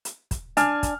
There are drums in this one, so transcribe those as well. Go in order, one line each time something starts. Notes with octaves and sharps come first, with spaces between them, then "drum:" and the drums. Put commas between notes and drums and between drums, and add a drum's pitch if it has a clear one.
drum: hi-hat
drum: kick, hi-hat
D4 G#5 F6, drum: hi-hat
drum: kick, hi-hat